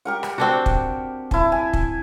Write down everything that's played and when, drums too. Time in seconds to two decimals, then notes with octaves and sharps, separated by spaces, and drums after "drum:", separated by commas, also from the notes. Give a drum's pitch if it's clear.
0.05 G4 A#4 F#5
0.23 drum: rim click
0.38 C4 D4 F#4
0.66 drum: kick
1.31 E4 A5, drum: kick
1.52 G#5
1.73 drum: kick